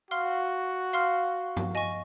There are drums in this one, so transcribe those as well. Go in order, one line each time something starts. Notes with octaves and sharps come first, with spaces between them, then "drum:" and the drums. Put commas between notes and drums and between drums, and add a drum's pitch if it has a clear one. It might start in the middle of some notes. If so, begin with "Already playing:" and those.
F#4 F5 C6 F6
F5 C6 F6
drum: tom G2
D#5 G#5 C#6